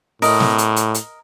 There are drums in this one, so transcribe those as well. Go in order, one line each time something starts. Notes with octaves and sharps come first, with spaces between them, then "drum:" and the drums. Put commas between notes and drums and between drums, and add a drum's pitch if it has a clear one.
A2 A#4 D#5, drum: open hi-hat
drum: snare
drum: hi-hat
drum: hi-hat
drum: hi-hat